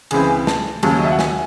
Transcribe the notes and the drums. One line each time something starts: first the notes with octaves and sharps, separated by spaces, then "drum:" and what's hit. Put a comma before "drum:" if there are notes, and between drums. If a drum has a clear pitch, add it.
C#2 C#3 E3 C4 G#4, drum: cymbal
A5, drum: snare
D#2 C#3 F#3 A5, drum: cymbal
D#5
E5
F#5
G#5, drum: snare